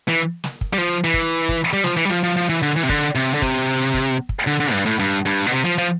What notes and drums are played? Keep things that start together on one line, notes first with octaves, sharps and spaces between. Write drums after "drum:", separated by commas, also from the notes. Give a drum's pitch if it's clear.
E3
drum: snare
drum: kick
G3
F3
E3
drum: kick
drum: kick
G3
F3, drum: snare
E3
G3
F3
F3
F3
E3
D3
E3
C3
D3, drum: kick
C3
D3
C3, drum: kick
drum: kick
drum: kick
D3
D3
G2
A2
G2
G2
B2
C3
F3
F3